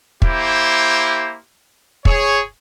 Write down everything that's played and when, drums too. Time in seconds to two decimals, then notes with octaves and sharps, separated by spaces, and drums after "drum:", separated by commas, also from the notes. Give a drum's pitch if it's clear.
0.22 A#3 E4 G4 C5, drum: kick
2.05 G#4 C#5, drum: kick